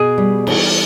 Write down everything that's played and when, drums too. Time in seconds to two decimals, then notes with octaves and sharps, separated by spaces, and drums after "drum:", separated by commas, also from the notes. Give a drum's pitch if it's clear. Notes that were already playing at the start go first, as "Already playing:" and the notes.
Already playing: B2 G#4
0.18 G3
0.47 E3, drum: cymbal